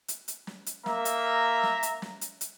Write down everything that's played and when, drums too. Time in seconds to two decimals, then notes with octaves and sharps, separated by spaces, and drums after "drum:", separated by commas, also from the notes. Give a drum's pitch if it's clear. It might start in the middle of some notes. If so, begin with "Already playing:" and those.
0.08 drum: hi-hat
0.28 drum: hi-hat
0.47 drum: snare
0.66 drum: hi-hat
0.86 A#3 E5 A#5, drum: snare
1.05 drum: hi-hat
1.63 drum: snare
1.83 drum: hi-hat
2.02 drum: snare
2.21 drum: hi-hat
2.41 drum: hi-hat